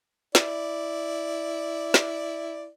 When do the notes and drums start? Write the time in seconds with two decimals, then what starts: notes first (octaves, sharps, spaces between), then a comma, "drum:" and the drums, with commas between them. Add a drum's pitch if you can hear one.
0.35 E4 D5, drum: snare
1.94 drum: snare